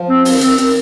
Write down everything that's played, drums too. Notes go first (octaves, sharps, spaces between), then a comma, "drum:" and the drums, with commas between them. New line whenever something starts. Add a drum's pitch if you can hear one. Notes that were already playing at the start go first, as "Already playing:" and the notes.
Already playing: F3
C4
D#3 C4, drum: open hi-hat
D#3 C4, drum: hi-hat
D#3 C4, drum: hi-hat